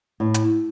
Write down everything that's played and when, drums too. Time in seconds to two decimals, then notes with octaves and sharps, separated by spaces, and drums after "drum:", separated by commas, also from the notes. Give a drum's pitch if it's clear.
0.20 A2
0.34 drum: hi-hat